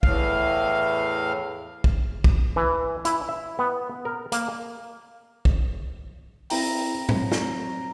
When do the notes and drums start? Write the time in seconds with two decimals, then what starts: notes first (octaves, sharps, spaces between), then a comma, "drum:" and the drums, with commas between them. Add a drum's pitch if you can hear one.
0.03 E2 A2 F5, drum: kick
1.84 drum: kick
2.24 drum: kick
2.56 E3
3.05 E4, drum: hi-hat
3.29 E5
3.59 B3
4.05 A#4
4.32 A#3, drum: hi-hat
5.45 drum: kick
6.50 C4 E4 G5 A#5, drum: open hi-hat
7.09 F#3 C4, drum: tom A2
7.32 drum: snare